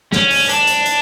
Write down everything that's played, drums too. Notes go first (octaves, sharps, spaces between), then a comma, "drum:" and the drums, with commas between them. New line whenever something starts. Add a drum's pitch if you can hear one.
C#4, drum: snare
drum: open hi-hat
D4, drum: hi-hat
drum: hi-hat
drum: hi-hat